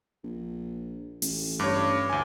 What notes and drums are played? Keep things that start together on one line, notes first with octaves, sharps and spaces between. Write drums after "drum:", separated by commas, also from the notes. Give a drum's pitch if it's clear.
A#1
A1, drum: open hi-hat
G2 C#5 D6
D2 G#5